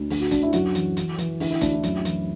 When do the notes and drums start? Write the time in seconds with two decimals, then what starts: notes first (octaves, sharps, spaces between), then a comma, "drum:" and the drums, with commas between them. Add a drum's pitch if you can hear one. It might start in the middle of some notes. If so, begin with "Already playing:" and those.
Already playing: D2
0.10 D3, drum: open hi-hat
0.20 F#4
0.31 D3 D4, drum: kick, hi-hat
0.43 E4
0.53 F#2 F#4, drum: hi-hat
0.75 E3, drum: hi-hat
0.97 E3, drum: hi-hat
1.18 E3, drum: hi-hat
1.40 D3 E4, drum: open hi-hat
1.51 E4
1.61 D2 D4, drum: kick, hi-hat
1.73 E4
1.83 F#2, drum: hi-hat
2.05 E3, drum: hi-hat